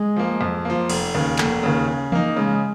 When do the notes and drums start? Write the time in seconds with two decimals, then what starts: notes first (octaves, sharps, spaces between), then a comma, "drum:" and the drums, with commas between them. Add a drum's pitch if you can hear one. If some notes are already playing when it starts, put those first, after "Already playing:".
Already playing: G#3
0.16 F3 A#3
0.41 F2
0.65 F3 A#3
0.89 F1, drum: cymbal
1.15 D#2 C#3
1.38 F1 A#3, drum: clap
1.63 D#2 C#3
1.88 C#3
2.12 A#3 D#4, drum: tom E3
2.36 C#3 G#3